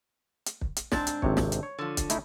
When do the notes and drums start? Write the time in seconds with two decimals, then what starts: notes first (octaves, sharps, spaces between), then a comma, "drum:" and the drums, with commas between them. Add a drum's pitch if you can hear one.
0.46 drum: hi-hat
0.61 drum: kick
0.76 drum: hi-hat
0.92 G#2 C4 D4, drum: snare
1.07 drum: hi-hat
1.22 G#1 C3 C#5, drum: kick
1.37 drum: snare
1.52 drum: hi-hat
1.63 C#5
1.78 D3 F3
1.97 drum: kick, hi-hat
2.10 A3 D#4 E4, drum: hi-hat